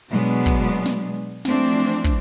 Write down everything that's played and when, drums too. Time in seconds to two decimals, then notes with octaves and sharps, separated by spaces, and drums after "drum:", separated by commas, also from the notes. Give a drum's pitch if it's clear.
0.11 B2 F#3 G#3 B3 D4
0.46 drum: kick
0.85 drum: snare
1.45 E3 F3 A3 C4 D4, drum: snare
2.04 drum: kick